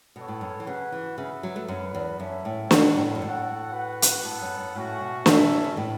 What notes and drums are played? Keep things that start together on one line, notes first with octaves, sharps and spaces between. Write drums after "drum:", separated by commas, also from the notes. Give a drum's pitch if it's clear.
B2 B3 A4 C#5
A2
F#2
E3
C#3 F#4 B4 F#5
E3
C#3 B3 F#4 B4 E5
F#3
A3
F#2 B3 F#4 B4
E2
F#2 C#4 A4 E5
A2
C#3 E4 A4 F#5, drum: snare
A2
F#2
A2 F#4 A4 F#5
F#4 B4 F#5
drum: hi-hat
A2 B3 A4 F#5
F#2
F#2
A2 A3 C#4 F#4
B2
B2 C#4 A4 E5, drum: snare
B2
E3
C#3
A2